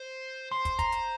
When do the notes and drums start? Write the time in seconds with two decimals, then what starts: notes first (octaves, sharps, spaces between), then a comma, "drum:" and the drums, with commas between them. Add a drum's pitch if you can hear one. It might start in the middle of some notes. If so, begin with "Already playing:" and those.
Already playing: C5
0.51 C5 C6
0.65 drum: kick, hi-hat
0.79 A#5, drum: kick, hi-hat
0.92 drum: hi-hat